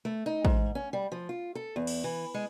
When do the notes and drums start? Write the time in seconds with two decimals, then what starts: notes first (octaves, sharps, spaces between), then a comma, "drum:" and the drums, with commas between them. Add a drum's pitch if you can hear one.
0.05 A3
0.26 D#4
0.45 G#2, drum: kick
0.75 C#4
0.93 G3
1.12 F3
1.29 F4
1.55 A4
1.76 E2
1.87 drum: cymbal
2.04 E3
2.34 G#3